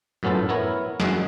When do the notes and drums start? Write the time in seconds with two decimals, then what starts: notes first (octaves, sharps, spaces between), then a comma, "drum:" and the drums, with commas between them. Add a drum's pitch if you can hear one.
0.23 F#2 A2 B3 C#4 F4 A4
0.49 B3 E4 A#4 C#5
1.00 F#2 G#3 F#4, drum: snare